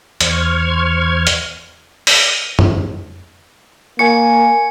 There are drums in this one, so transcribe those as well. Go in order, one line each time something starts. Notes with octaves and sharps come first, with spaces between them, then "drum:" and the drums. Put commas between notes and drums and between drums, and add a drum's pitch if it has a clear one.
E2 C5 C#6 F6 G#6, drum: hi-hat
drum: hi-hat
drum: open hi-hat
drum: tom
A#3 G#5 C#6 C#7